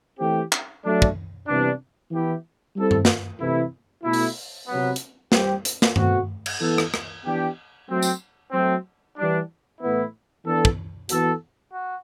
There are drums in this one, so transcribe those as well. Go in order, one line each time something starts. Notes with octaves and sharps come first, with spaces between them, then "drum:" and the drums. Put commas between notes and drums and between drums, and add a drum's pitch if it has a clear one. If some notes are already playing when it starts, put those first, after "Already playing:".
E3 A3 C4 G4
drum: clap
F#3 A3 D4
drum: kick
C3 E3 G3 B3 D4
E3 B3 E4 G4
G3 C4 E4 A4
drum: tom G2
drum: snare
C3 E3 A3 E4
B2 A3 E4
drum: open hi-hat
C3 F#3 B3
drum: hi-hat
G3 C4 G4, drum: snare
drum: hi-hat
drum: snare
B2 A3 C4 F#4, drum: tom G2
drum: cymbal
E3 B3 E4 A4
drum: rim click
drum: rim click
E3 B3 D4 G4
F#3 A3 C4
drum: tambourine
F#3 A3 C4
E3 G3 D4
A2 E3 B3 E4
E3 B3 D4 A4
drum: kick
E3 B3 F#4 A4, drum: hi-hat
F#4